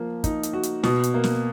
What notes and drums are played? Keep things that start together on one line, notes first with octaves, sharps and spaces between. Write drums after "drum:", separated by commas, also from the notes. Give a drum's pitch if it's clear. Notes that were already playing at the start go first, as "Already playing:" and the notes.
Already playing: F3 A#3
D#4, drum: kick, hi-hat
drum: hi-hat
F#4
drum: hi-hat
B2, drum: snare
drum: hi-hat
A#3
drum: snare